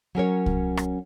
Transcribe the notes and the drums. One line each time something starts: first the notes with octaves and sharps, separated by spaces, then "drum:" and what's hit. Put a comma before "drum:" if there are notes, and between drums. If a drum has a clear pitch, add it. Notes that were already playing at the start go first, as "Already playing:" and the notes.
F#3 C#4 A#4 C#5
drum: kick C2
drum: rim click